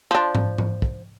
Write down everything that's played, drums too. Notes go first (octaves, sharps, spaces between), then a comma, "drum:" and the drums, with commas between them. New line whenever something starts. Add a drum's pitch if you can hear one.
F3 D4
drum: tom G#2
drum: tom G#2
drum: kick